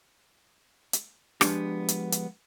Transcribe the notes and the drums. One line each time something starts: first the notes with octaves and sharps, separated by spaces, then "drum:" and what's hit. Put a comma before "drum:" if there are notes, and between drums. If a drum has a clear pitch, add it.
drum: hi-hat
F3 G#3 B3 C#4 D4 G4, drum: rim click
drum: hi-hat
drum: hi-hat